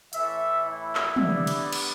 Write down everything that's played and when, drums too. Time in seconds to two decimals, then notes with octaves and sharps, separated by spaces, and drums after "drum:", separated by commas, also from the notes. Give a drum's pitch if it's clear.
0.13 A2 E3 A3 E5, drum: hi-hat
0.65 E4
0.95 drum: clap
1.16 D3 G3 B3 D4, drum: tom
1.47 drum: cymbal
1.73 drum: cymbal